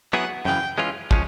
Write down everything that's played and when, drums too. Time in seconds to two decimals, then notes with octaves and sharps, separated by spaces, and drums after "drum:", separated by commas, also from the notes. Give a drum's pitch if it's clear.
0.13 F#3 B3 E4 G#4 F#5
0.45 F#2 C#3 E3 G5
0.78 E3 G#3 C#4 F4
1.11 F3 G#3 C#4, drum: kick